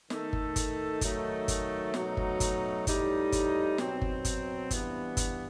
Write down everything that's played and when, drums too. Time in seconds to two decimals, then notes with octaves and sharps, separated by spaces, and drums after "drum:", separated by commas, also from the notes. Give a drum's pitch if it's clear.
0.10 D#3 A3 D#4 A4, drum: snare
0.33 drum: kick G1
0.56 drum: kick G1, hi-hat
1.01 D#3 F#3 A3 D#4, drum: kick G1, hi-hat
1.48 drum: kick G1, hi-hat
1.94 B2 F#3 A3 D#4, drum: snare
2.17 drum: kick G1
2.40 drum: kick G1, hi-hat
2.87 A2 G3 D#4, drum: kick G1, hi-hat
3.32 drum: kick G1, hi-hat
3.78 B2 F#3 C4, drum: snare
4.01 drum: kick G1
4.25 drum: kick G1, hi-hat
4.71 G2 E3 B3, drum: kick G1, hi-hat
5.17 drum: kick G1, hi-hat